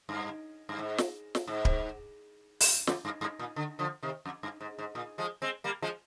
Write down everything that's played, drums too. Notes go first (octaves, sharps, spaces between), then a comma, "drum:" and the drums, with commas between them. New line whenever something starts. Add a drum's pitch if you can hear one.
G2
G2
G#2
drum: snare
drum: snare
G#2
drum: kick D1
drum: open hi-hat
F2, drum: snare
G2
G2
A#2
D3
D3 F3
C3 D#3
F2
G2
G#2
G#2
A#2
F3 G#3
G#3 C4
G3 A#3
F3 G#3